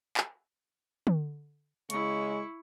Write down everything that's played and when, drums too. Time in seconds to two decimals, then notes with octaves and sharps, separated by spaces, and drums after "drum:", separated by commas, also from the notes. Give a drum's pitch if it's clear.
0.17 drum: clap
1.07 drum: tom
1.90 C#3 G#3 E4 C#6, drum: hi-hat